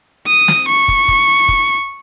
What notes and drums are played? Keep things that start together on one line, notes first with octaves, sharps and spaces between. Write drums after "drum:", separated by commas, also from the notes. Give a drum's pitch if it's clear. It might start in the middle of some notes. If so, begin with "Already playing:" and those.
D#6
drum: snare
C#6
drum: kick
drum: kick
drum: kick